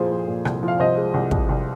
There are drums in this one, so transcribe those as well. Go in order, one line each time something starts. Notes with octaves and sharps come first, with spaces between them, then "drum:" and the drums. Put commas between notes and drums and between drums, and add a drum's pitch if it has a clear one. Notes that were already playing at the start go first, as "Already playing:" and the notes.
Already playing: F2 A#2 F3 G#4 C5
F3
A#2
C2, drum: rim click
F3
F5
C2 C5 D#5
G#3
C2
C2, drum: kick
C2